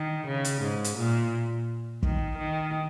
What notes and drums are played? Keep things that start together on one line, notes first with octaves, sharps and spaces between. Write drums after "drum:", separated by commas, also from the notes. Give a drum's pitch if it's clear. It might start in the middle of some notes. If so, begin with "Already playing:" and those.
Already playing: D#3
C#3
drum: hi-hat
G#2
drum: hi-hat
A#2
D#3, drum: kick
D#3